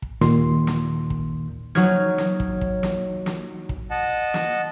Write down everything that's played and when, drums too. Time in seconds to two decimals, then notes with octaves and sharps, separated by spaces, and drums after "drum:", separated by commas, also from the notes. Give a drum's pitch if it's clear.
0.02 drum: kick
0.21 D#2 A#2 D#3 C6, drum: snare
0.67 drum: snare
1.10 drum: kick
1.75 F#3 D#4 C#5 F6 G#6, drum: snare
2.18 drum: snare
2.40 drum: kick
2.61 drum: kick
2.83 drum: snare
3.26 drum: snare
3.69 drum: kick
3.91 D#5 F#5 A5
4.34 drum: snare